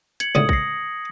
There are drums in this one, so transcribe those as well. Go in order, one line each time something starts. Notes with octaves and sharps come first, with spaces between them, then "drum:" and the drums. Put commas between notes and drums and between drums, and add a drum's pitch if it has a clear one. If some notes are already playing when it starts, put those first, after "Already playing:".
G#6 C#7 F#7, drum: hi-hat
C#2 A2 D3 D#6
A#6 C7, drum: kick